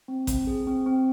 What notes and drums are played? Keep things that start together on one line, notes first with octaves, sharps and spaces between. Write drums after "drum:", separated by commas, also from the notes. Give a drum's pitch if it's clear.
C4
C4, drum: kick A1, hi-hat
G#4
C4
C4